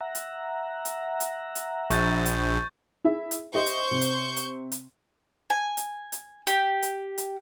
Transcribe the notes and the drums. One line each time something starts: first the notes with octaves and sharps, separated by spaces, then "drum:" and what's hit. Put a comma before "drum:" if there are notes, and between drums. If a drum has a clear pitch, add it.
E5 F#5 A#5
drum: hi-hat
drum: hi-hat
drum: hi-hat
drum: hi-hat
A#1 C#6 G6 A6, drum: hi-hat
drum: hi-hat
E4 G#4 E5
drum: hi-hat
G4 C5 D#5 E5 C#6 G6
drum: hi-hat
C3
drum: hi-hat
drum: hi-hat
drum: hi-hat
G#5
drum: hi-hat
drum: hi-hat
G4, drum: hi-hat
drum: hi-hat
drum: hi-hat